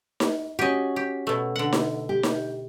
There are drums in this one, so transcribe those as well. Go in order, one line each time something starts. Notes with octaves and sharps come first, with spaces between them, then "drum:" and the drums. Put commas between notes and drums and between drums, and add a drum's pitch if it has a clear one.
drum: snare D#4
C#4 F#4 G4 D#5
G4
B2 A3
D3 F#5
drum: snare D#4
G4
drum: snare D#4